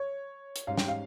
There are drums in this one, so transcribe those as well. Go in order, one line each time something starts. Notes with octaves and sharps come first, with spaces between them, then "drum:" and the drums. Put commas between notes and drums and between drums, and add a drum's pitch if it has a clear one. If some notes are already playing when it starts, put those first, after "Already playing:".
Already playing: C#5
drum: hi-hat
G#2 G3 C#4 F5
G5, drum: snare
F5